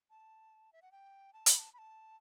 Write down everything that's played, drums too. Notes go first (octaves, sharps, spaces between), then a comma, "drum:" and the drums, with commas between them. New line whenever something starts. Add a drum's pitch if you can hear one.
A5
E5
F#5
G5
A5
B5, drum: hi-hat
A5
B5
A5